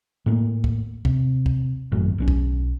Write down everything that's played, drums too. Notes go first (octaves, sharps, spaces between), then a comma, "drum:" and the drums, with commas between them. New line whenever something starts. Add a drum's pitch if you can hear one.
A2 A3 A#3
drum: kick
C3, drum: kick
drum: kick
G#1 F#2 A2
B1 G3 C#4
drum: kick